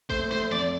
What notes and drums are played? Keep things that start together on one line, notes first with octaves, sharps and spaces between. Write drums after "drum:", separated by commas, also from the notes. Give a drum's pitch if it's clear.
A3 C5, drum: kick A1
A3 C5
F2 D5